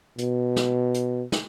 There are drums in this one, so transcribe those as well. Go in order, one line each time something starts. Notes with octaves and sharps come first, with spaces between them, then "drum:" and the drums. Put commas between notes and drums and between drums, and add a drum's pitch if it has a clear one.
B2, drum: hi-hat
drum: snare
drum: hi-hat
drum: snare